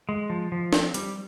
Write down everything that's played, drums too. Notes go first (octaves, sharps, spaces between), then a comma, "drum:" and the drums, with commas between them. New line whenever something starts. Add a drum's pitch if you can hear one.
G#3
F3
F3
C4, drum: snare
G3, drum: hi-hat